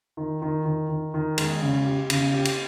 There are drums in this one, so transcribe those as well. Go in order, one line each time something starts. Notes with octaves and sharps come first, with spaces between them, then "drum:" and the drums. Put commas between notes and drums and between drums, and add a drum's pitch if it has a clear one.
D#3
D#3
D#3
D#3
D#3
G#3, drum: cymbal
C#3
G4
C#3, drum: cymbal
G4
drum: cymbal